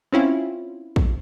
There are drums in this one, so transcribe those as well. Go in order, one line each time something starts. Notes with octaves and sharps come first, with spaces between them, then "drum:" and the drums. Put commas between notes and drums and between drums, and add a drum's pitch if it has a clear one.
C4 C#4 E4 F4
drum: kick